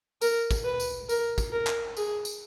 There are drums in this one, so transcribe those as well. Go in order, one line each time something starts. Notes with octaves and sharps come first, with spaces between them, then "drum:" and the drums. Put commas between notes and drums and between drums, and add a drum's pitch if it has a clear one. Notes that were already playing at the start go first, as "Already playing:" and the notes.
A#4, drum: tambourine
drum: kick, tambourine
B4
drum: tambourine
A#4, drum: tambourine
drum: kick, tambourine
A#4
drum: clap
G#4, drum: tambourine
drum: tambourine